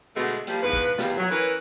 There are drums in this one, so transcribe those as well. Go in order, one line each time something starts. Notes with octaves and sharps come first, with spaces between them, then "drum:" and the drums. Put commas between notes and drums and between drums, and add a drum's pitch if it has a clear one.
B2 D3 G#3 A3 B3 F#4
F3 G3 A#3, drum: hi-hat
E2 G#2 F3 B4
drum: kick
E2 G3 F4, drum: snare
F#3
E3 C#4 A#4 B4